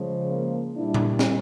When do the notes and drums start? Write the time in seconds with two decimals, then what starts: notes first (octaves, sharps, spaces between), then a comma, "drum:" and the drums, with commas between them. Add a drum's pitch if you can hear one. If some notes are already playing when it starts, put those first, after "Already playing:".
Already playing: C#3 F3 G#3
0.30 A#3
0.76 A#2 G3 D4 E4
0.94 drum: tom A#2
1.19 drum: snare